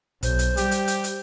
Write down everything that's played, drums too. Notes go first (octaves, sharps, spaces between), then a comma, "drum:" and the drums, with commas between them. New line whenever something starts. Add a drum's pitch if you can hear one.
B1 C5, drum: kick, hi-hat
drum: hi-hat
G3 G4, drum: hi-hat
drum: hi-hat
drum: hi-hat
drum: hi-hat